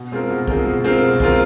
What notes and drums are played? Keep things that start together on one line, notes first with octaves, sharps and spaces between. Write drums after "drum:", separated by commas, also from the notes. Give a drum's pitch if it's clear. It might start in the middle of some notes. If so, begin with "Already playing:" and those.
Already playing: B2
G#3 C4 F4 A#4
B2
G#3 C4 F4 A#4, drum: kick
B2
G#3 C4 F4 A#4
B2
G#3 C4 F4 A#4, drum: kick